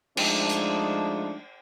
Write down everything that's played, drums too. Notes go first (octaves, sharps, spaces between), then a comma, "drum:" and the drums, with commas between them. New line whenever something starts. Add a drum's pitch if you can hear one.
F3 G#3 A3 D4 D#4, drum: cymbal
drum: hi-hat